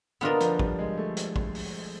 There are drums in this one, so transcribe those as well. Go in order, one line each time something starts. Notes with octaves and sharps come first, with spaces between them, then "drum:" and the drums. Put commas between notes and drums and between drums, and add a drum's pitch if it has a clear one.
D3 B3 D4 F4 A#4 D#5
F3, drum: hi-hat
G3, drum: kick
G#3
A3
drum: hi-hat
drum: kick
drum: open hi-hat